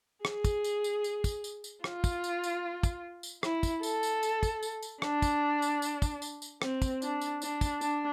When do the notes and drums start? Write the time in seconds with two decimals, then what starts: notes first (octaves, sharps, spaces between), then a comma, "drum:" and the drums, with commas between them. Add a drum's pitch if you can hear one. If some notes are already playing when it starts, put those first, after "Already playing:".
0.25 G#4, drum: rim click
0.45 drum: kick, tambourine
0.64 drum: tambourine
0.84 drum: tambourine
1.04 drum: tambourine
1.24 drum: kick, tambourine
1.44 drum: tambourine
1.64 drum: tambourine
1.84 F4, drum: rim click
2.04 drum: kick, tambourine
2.24 drum: tambourine
2.44 drum: tambourine
2.83 drum: kick, tambourine
3.23 drum: tambourine
3.43 E4, drum: rim click
3.63 drum: kick, tambourine
3.83 A4, drum: tambourine
4.03 drum: tambourine
4.23 drum: tambourine
4.43 drum: kick, tambourine
4.63 drum: tambourine
4.83 drum: tambourine
5.02 D4, drum: rim click
5.22 drum: kick, tambourine
5.62 drum: tambourine
5.82 drum: tambourine
6.02 drum: kick, tambourine
6.22 drum: tambourine
6.42 drum: tambourine
6.62 C4, drum: rim click
6.82 drum: kick, tambourine
7.02 D4, drum: tambourine
7.21 drum: tambourine
7.42 D4, drum: tambourine
7.61 drum: kick, tambourine
7.81 D4, drum: tambourine